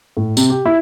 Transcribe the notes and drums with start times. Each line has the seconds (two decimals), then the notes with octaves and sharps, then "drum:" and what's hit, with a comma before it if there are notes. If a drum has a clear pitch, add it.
0.17 A2
0.37 C3, drum: tambourine
0.50 G4
0.65 E4